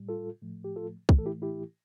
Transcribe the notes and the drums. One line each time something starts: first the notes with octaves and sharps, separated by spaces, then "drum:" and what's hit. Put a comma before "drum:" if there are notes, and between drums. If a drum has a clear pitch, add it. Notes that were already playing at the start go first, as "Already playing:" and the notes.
Already playing: A2 G3
F4 A4
A2 F3 A3
G4
F4 A4
A2 E3 A3, drum: kick
A4
E4 G4
E4 G4